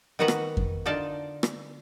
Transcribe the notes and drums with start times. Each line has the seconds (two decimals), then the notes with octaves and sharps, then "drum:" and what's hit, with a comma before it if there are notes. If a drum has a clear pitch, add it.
0.19 D#3 B3 F#4 B4 F#5 A#5
0.28 drum: rim click
0.57 drum: kick F2
0.86 D3 D#4 F4 D5 A5
1.43 drum: rim click